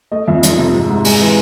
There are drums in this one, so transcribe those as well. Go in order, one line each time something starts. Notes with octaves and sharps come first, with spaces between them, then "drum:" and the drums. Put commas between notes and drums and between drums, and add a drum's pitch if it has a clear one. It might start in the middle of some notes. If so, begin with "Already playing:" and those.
A3 D#5
F2 E5
F3, drum: hi-hat
C3
G#2
G#2
G#3 G#5, drum: open hi-hat
E3